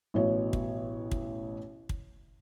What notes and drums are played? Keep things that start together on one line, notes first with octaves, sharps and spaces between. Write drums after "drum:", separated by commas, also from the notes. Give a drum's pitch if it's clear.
A1 B2 C#5
drum: kick
drum: kick
drum: kick